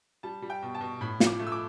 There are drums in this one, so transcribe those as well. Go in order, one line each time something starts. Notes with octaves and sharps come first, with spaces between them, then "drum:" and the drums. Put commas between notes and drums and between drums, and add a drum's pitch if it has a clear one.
G3 A5
G3
G5
B2
A5
B2
A2 B5
F3, drum: snare
D6
A3
E6
D6